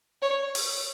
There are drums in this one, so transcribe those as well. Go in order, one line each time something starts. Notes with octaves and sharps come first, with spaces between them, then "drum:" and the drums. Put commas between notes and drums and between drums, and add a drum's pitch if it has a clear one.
C#5
drum: open hi-hat